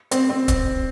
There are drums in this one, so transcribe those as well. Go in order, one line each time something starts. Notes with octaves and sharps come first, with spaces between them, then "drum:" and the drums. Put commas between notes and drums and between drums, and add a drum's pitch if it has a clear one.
C4, drum: hi-hat
C4
drum: kick, hi-hat